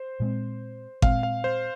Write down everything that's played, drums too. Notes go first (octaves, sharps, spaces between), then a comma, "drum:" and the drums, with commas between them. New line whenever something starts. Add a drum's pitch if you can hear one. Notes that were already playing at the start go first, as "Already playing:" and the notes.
Already playing: C5
A#2 G#3 C4
A#2 G#3 C4 F5, drum: kick G#1
F5
C5